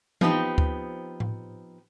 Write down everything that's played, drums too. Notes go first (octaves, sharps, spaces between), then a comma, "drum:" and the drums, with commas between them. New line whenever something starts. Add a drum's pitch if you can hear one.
F3 B3 C4 D#4 G4, drum: tom E3
drum: kick D2
drum: tom A2